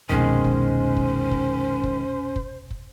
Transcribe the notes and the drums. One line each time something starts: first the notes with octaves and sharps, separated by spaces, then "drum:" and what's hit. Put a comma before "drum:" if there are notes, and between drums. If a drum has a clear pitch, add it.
F1 C2 B2 D#3 G#3 C#4 C5
drum: kick
drum: kick
drum: kick
drum: kick
drum: kick
drum: kick